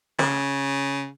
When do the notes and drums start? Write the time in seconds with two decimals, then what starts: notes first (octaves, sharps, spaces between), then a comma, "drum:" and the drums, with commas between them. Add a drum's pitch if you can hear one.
0.19 C#3, drum: snare